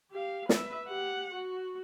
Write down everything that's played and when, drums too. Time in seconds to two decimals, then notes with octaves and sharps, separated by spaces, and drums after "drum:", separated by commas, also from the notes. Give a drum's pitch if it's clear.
0.11 G4 F5
0.49 B4 E5, drum: snare
0.88 G4 F#5
1.35 F#4